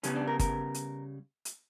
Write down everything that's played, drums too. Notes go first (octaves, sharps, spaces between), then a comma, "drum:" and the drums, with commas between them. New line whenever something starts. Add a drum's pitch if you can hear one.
C#3 G3 B3 C#4, drum: hi-hat
D4
A#4
A#4, drum: kick G1, hi-hat
drum: hi-hat
drum: hi-hat